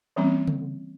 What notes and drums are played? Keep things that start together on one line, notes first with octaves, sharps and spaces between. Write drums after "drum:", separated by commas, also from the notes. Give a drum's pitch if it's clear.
E3 G3 A#3 C4 C#4
drum: tom C#3